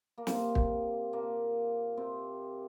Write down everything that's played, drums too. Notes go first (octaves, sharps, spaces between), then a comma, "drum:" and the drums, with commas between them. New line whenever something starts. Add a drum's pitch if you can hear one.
A#3
C3 C4, drum: snare
drum: kick
A#2 A#3
C3 C4